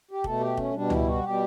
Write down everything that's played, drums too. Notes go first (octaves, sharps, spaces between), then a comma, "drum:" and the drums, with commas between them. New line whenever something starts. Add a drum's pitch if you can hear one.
G4
B2 A3 A4, drum: kick F1
G4
C#4, drum: kick F1
B2 G3 D4
E4, drum: tom C#2
F#4
B2 G3 G4